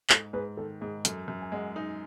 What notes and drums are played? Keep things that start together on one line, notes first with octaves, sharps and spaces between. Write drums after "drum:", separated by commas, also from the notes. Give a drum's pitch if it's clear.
G#2 A4, drum: clap
G#2 G#4 B4
D#3 A4
G#2 G#4
F#2 A4, drum: hi-hat
F#2
G#5
G#3 D#5 F#5
D#4